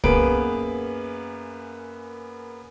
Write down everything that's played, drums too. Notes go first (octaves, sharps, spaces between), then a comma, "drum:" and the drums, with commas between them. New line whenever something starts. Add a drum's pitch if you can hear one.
F#2 A#3 B3 G#4 B4 D7, drum: kick